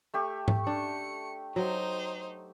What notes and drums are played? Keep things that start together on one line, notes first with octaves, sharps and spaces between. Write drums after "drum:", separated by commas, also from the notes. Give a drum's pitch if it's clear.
A3 G4 C#6
drum: tom G#2
D4 C#7
F#3 D#4 C5